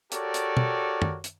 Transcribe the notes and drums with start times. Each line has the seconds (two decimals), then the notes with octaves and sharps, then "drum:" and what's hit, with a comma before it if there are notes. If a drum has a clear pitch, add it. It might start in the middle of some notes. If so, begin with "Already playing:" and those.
0.12 F#4 G4 A4 A#4 C#5 D5, drum: hi-hat
0.34 drum: hi-hat
0.57 drum: tom
1.02 drum: tom
1.24 drum: hi-hat